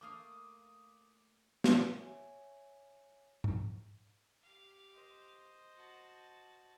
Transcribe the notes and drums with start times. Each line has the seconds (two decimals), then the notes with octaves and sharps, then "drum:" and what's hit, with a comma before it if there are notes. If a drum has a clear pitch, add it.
0.01 A3 A#3 F5 D6 D#6
1.64 drum: snare
1.99 C#5 E5 G#5
3.44 drum: tom G#2
4.42 G4 F5
4.94 C5 D#5
5.76 F#4 A5